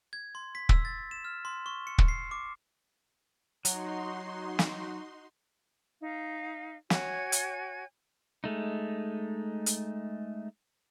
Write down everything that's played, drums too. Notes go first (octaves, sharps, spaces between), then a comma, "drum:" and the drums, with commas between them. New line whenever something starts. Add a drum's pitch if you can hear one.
G#6
C6
B6
E6, drum: kick
A6
E7
F6
C6
C#6
C#7
drum: kick
C7
D6
F#3 D#4 F#4 C6, drum: hi-hat
drum: snare
D#4 F5
F#4 C#5 G#5 G#6, drum: snare
drum: hi-hat
G#3 A3 D#4
drum: hi-hat